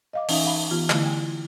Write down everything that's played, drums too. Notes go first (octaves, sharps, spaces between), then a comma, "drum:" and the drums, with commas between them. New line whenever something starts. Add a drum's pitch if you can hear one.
D#5 F5 D6
E3 C#4 D#4 E5 F5 D#6, drum: open hi-hat
F5 B5
E3 B3 F4 G4
D3 A3 E4, drum: clap
G5 G#5